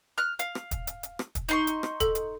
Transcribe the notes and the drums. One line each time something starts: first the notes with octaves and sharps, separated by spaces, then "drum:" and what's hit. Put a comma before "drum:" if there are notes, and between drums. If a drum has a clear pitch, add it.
F6 F#6
F5, drum: hi-hat
drum: rim click
drum: kick, hi-hat
drum: hi-hat
drum: hi-hat
drum: rim click
drum: kick, hi-hat
D#4 C6 C#6, drum: hi-hat
drum: hi-hat
drum: rim click
A4, drum: kick, hi-hat
drum: hi-hat